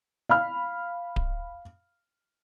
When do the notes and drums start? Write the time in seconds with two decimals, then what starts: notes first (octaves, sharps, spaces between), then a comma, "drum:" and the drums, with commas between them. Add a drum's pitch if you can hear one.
0.29 F5 B5 F6
1.16 drum: kick D1